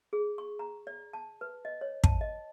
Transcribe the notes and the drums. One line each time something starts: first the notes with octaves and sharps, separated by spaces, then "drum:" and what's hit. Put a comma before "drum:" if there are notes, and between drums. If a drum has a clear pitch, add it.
G#4
C#6
A#5
D5
A5
B4
D#5
C#5
A5, drum: kick
D#5